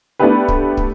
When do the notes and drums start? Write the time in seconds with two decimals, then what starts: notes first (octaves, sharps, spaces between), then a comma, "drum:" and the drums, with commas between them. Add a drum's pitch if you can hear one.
0.19 A3 B3 D4 E4 G4 B4
0.48 drum: kick
0.77 drum: kick